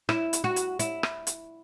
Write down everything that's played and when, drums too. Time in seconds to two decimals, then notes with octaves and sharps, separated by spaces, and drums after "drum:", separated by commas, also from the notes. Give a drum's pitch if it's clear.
0.09 E4, drum: rim click
0.33 drum: hi-hat
0.44 F#4
0.56 drum: hi-hat
0.79 E4, drum: hi-hat
1.03 drum: rim click
1.27 drum: hi-hat